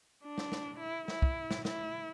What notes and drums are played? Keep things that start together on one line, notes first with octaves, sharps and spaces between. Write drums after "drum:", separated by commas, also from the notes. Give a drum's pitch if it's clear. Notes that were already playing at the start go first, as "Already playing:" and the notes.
D4
drum: snare
drum: snare
E4
E4, drum: snare
drum: kick
drum: snare
E4, drum: snare